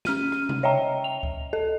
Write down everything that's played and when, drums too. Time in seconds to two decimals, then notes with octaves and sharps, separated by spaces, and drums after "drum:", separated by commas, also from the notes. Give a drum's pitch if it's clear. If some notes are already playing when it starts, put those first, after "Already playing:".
0.05 C#4 F6 D#7, drum: snare
0.32 drum: rim click
0.49 drum: tom C3
0.63 C#5 D#5 E5 G5 A#5
1.04 F7
1.23 drum: kick C#2
1.53 A4 D#5